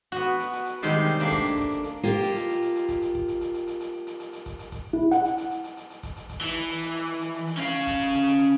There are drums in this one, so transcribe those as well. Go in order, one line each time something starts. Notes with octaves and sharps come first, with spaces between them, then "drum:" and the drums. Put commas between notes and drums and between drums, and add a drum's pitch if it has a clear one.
B3 F#4
drum: hi-hat
drum: hi-hat
drum: hi-hat
C3 D#3 G3 G#3
drum: hi-hat
drum: hi-hat
A3 A#3 D4, drum: hi-hat
drum: kick, hi-hat
drum: hi-hat
drum: kick, hi-hat
drum: hi-hat
drum: hi-hat
A#3 F4 G4
drum: hi-hat
drum: hi-hat
drum: hi-hat
drum: hi-hat
drum: hi-hat
drum: kick, hi-hat
drum: hi-hat
drum: kick
drum: hi-hat
drum: hi-hat
drum: hi-hat
drum: hi-hat
drum: hi-hat
drum: hi-hat
drum: hi-hat
drum: hi-hat
drum: kick, hi-hat
drum: hi-hat
drum: kick, hi-hat
E4
F#5, drum: hi-hat
drum: hi-hat
drum: hi-hat
drum: hi-hat
drum: hi-hat
drum: hi-hat
drum: hi-hat
drum: kick, hi-hat
drum: hi-hat
drum: kick, hi-hat
E3, drum: hi-hat
drum: hi-hat
drum: hi-hat
drum: hi-hat
drum: hi-hat
drum: hi-hat
drum: hi-hat
drum: hi-hat
drum: hi-hat
C#4 F5
drum: hi-hat
drum: kick, hi-hat
drum: hi-hat
drum: hi-hat
drum: hi-hat
drum: hi-hat